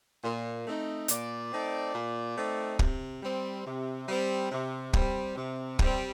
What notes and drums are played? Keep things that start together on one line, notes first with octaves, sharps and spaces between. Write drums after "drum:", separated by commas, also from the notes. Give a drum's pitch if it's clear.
A#2
A3 C4 D#4
A#2 D5, drum: hi-hat
A3 C4 D#4
A#2
A3 C4 D#4
C3, drum: kick
G3 C4
C3
G3 C4
C3
G3 C4, drum: kick
C3
G3 C4, drum: kick